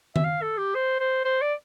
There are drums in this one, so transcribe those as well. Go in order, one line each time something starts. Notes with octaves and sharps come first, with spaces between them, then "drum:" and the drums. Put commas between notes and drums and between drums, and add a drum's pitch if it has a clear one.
E5, drum: tom D#3
F5
A4
G4
C5
C5
C5
D5